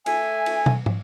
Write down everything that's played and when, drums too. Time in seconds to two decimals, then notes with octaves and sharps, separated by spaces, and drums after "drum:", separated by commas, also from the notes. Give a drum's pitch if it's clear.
0.06 A3 E5 G#5, drum: cymbal
0.46 drum: cymbal
0.66 drum: tom
0.86 drum: tom